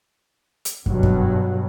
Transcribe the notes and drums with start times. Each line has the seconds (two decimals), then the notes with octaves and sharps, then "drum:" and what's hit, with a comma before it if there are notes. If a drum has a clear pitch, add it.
0.65 drum: hi-hat
0.86 G2 B2 F#3, drum: kick
1.03 drum: kick